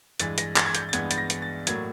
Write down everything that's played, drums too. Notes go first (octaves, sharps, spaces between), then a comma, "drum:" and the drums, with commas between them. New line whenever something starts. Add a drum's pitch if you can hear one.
G2 E3 G#3 A6, drum: hi-hat
A#6, drum: hi-hat
A6, drum: clap
G#6
G6, drum: hi-hat
A6
G2 E3 G#3 B3 G#6, drum: hi-hat
A6, drum: hi-hat
A#6
drum: hi-hat
A6
A2 F#3 A#3 G#6, drum: hi-hat